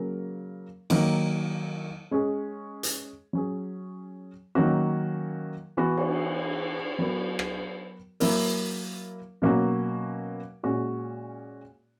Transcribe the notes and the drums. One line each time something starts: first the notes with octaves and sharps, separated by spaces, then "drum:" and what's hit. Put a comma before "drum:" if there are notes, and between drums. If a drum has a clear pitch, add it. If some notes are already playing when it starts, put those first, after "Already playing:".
Already playing: C#3 F#3 A#3 A#4
D#3 F#3 A#3, drum: cymbal
G#3 C#4 G#4
drum: hi-hat
F#3 C#4 G#4
D#3 F#3 A#3 C#4 F#4
E3 B3 F#4
drum: cymbal
F#3 B3 F#4 A#4
drum: rim click
F#3 A#3 E4 A#4, drum: open hi-hat
B2 F#3 A#3 C#4 F#4
A#2 G#3 C#4 F#4